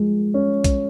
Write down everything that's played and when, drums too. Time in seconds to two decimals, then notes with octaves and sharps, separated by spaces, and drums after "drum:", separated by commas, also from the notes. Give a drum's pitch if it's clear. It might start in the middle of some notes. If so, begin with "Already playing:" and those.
Already playing: F3 G#3
0.34 C#4
0.64 drum: kick B1, hi-hat